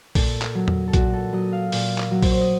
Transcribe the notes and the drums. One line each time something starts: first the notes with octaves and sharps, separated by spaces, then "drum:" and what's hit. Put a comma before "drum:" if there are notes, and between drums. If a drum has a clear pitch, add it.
A#2 A4, drum: kick, open hi-hat
drum: clap
F#3
drum: tom E2
A4
A#2 F#4, drum: kick, hi-hat
A4
F#3 D#5
F5
A#2, drum: open hi-hat
drum: clap
F#3
C5, drum: kick, open hi-hat
C#5
D#5